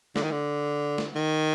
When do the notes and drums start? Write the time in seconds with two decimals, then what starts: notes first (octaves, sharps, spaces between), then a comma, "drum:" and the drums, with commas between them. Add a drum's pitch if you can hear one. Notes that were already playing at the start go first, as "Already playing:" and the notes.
0.16 D3, drum: snare
0.23 D#3
0.32 D3
0.98 drum: snare
1.16 D#3